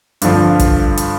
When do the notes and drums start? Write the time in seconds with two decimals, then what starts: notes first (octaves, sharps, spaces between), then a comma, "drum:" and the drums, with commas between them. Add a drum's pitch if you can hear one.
0.22 G2 D3 F3, drum: hi-hat
0.59 drum: kick, hi-hat
0.97 drum: hi-hat